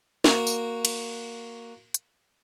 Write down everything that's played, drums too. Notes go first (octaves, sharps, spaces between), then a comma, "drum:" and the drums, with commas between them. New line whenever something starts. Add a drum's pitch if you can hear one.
A#3 F#4, drum: snare
drum: tambourine
drum: cymbal
drum: hi-hat